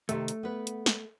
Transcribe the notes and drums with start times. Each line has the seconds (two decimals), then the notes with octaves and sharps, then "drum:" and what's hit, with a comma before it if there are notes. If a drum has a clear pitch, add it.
0.09 C3 D#3 A3, drum: hi-hat
0.28 drum: hi-hat
0.43 B3 B4
0.67 drum: hi-hat
0.86 drum: snare